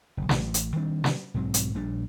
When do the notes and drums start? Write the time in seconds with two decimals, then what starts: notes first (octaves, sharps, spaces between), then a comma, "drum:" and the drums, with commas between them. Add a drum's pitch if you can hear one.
0.17 F#1 B1
0.29 A1, drum: snare
0.54 drum: hi-hat
0.76 D#3 G3 C4 D4
1.04 drum: snare
1.34 B1 G#2 F#3 C4
1.54 drum: hi-hat
1.75 A#1 A#2 G3 D4